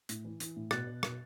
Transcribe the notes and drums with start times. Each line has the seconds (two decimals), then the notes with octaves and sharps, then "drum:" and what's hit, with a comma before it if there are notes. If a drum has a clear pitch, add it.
0.09 A2, drum: hi-hat
0.25 E3
0.40 E3, drum: hi-hat
0.56 A2
0.71 B2 F#6 A6, drum: rim click
0.87 B2
1.03 B2, drum: rim click